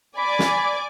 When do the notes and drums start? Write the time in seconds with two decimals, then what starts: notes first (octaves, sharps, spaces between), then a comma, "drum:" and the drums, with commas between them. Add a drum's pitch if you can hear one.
0.18 D5 G#5 B5 D6
0.39 drum: snare